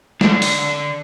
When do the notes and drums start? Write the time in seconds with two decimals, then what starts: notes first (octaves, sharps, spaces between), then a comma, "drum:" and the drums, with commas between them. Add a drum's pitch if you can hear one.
0.21 D3, drum: snare
0.42 drum: open hi-hat
0.65 D3